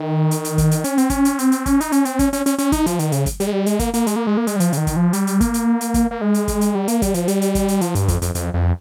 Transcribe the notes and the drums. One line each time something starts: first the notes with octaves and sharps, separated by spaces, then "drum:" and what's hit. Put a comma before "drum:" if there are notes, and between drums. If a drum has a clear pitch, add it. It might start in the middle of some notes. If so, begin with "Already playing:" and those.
Already playing: D#3
drum: hi-hat
drum: hi-hat
drum: kick, hi-hat
drum: hi-hat
C#4, drum: hi-hat
C4, drum: hi-hat
C#4, drum: kick, hi-hat
drum: hi-hat
C4, drum: hi-hat
drum: hi-hat
C#4, drum: kick, hi-hat
D#4, drum: hi-hat
C#4, drum: hi-hat
C4, drum: hi-hat
C#4, drum: kick, hi-hat
C#4, drum: hi-hat
C#4, drum: hi-hat
C#4, drum: hi-hat
D#4, drum: kick, hi-hat
F3, drum: hi-hat
D#3, drum: hi-hat
C#3, drum: hi-hat
drum: kick, hi-hat
G3, drum: hi-hat
G#3
G3
G#3, drum: hi-hat
A#3, drum: kick, hi-hat
A#3, drum: hi-hat
G#3, drum: hi-hat
A#3
G#3
A#3
G#3, drum: hi-hat
G3
F3, drum: hi-hat
C#3, drum: hi-hat
D#3
drum: kick, hi-hat
F3
G3, drum: hi-hat
drum: hi-hat
A#3, drum: kick, hi-hat
drum: hi-hat
drum: hi-hat
drum: kick, hi-hat
A#3
G#3
drum: hi-hat
drum: kick, hi-hat
drum: hi-hat
G3
A#3, drum: hi-hat
G3, drum: kick, hi-hat
F3, drum: hi-hat
G3, drum: hi-hat
drum: hi-hat
drum: kick, hi-hat
drum: hi-hat
F3, drum: hi-hat
G2, drum: hi-hat
F2, drum: kick, hi-hat
F2, drum: hi-hat
F2, drum: hi-hat
F2